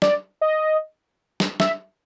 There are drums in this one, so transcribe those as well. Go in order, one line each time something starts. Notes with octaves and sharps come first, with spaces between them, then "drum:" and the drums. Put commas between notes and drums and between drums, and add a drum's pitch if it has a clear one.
D5, drum: snare
D#5
drum: snare
E5, drum: snare